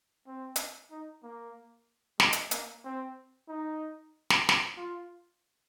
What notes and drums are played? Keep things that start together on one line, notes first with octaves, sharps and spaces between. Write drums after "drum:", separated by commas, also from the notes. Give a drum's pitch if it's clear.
C4
drum: hi-hat
D#4
A#3
G#3, drum: snare
drum: hi-hat
A#3, drum: hi-hat
C4
D#4
drum: snare
drum: snare
F4